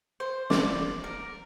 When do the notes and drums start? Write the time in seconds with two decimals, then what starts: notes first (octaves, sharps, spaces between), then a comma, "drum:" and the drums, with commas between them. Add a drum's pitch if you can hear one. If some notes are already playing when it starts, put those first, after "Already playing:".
0.20 C5
0.50 D5, drum: snare
1.04 A#4